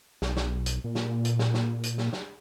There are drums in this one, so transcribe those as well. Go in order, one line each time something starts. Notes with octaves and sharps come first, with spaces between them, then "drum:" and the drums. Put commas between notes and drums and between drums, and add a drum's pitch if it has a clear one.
B1, drum: snare
drum: snare
drum: hi-hat
A#2
drum: snare
drum: hi-hat
drum: snare
drum: snare
drum: hi-hat
drum: snare
drum: snare